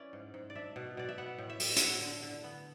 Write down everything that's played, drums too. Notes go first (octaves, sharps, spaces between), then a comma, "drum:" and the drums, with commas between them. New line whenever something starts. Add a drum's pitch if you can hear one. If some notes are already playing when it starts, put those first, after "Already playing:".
Already playing: C#4 E4 B4 D5
G#2
G#2
D5
D4 E5
B2
B2 D5
E5
B3 F#5
A2
E5
A2, drum: open hi-hat
E4 E5 F#5, drum: hi-hat
D3
D3
B3